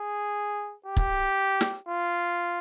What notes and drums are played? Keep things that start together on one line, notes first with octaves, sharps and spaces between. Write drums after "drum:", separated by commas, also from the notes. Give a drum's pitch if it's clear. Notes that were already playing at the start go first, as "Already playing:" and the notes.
Already playing: G#4
G4
drum: kick
drum: snare
F4